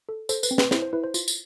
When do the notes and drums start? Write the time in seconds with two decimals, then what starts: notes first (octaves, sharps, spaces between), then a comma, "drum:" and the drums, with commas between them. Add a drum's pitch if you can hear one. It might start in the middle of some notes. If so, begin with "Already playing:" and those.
0.09 A4
0.29 A4 C5, drum: tambourine
0.43 B4, drum: tambourine
0.51 C4
0.58 B4, drum: snare
0.71 E4 C5, drum: snare
0.82 C5
0.93 E4 B4
1.04 C5
1.14 F4, drum: tambourine
1.28 drum: tambourine